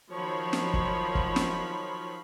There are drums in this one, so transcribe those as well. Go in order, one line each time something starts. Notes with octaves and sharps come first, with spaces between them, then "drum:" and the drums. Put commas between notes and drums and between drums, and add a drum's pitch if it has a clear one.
D#3 F3 F#3 C#5 B5 C6
drum: snare
drum: kick
drum: kick
drum: snare